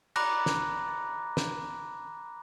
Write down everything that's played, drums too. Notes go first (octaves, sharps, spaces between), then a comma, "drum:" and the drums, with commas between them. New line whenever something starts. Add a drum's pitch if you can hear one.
A#5 B5 D6 F#6 A#6, drum: cymbal
drum: snare
drum: snare